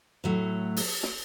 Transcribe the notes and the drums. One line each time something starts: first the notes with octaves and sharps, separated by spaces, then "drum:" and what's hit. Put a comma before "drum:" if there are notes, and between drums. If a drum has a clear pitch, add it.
A2 F#3 A3
drum: open hi-hat
drum: snare